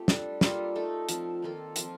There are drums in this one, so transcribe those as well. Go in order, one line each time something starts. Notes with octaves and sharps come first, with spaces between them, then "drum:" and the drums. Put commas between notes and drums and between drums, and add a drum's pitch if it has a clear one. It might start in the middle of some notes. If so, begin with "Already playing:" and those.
Already playing: A3 C4 F4 G4
G3 D4 A4, drum: snare
G3 A#3 F4 A4, drum: snare
A3 D#4 A4
F3 C4 F4 A4, drum: hi-hat
D#3 A#3 F4 A4
F3 C4 F4, drum: hi-hat